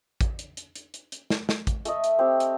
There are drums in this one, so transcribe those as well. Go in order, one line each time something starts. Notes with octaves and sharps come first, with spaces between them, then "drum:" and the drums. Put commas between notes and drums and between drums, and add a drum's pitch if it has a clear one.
drum: kick A1, hi-hat
drum: hi-hat
drum: hi-hat
drum: hi-hat
drum: hi-hat
drum: hi-hat
drum: snare
drum: snare
drum: kick A1, hi-hat
A3 A4 D#5 E5, drum: hi-hat
drum: hi-hat
C4 G4
drum: hi-hat